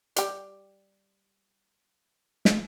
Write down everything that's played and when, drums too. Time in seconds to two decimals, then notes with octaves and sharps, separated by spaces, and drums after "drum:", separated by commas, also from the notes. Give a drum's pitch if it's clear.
0.16 G3 G4, drum: hi-hat
2.45 drum: snare